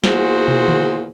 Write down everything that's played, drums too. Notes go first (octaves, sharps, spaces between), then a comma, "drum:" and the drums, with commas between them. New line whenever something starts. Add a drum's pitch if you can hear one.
E2 A#2 F#4 G#4 C5, drum: snare
drum: tom
drum: tom D3